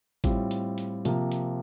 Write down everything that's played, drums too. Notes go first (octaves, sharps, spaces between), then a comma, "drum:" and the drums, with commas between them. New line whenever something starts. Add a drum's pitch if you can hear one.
A2 G3 C4 F4, drum: kick G#1, hi-hat
drum: hi-hat
drum: hi-hat
C3 F3 A#3, drum: hi-hat
drum: hi-hat